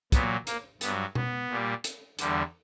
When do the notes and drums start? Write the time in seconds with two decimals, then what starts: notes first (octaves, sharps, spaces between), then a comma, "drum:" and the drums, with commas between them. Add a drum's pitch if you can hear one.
0.12 A#2 F#3 B3, drum: kick, hi-hat
0.47 A#3, drum: hi-hat
0.81 G2 F#3 B3, drum: hi-hat
1.15 B3, drum: tom B2
1.50 A#2 G3
1.84 drum: hi-hat
2.19 E2 D3 G3, drum: hi-hat